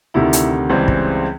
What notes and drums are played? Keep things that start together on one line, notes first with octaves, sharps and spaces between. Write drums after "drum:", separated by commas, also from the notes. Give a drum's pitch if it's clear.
D2 C3 D#3 E4
drum: hi-hat
C#2 C#3 E3 G3 C4
drum: kick